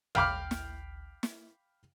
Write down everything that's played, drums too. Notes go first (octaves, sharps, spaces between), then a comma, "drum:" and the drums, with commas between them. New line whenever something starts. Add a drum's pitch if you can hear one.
F5 G5 B5 D6 F6, drum: tom
drum: snare
drum: snare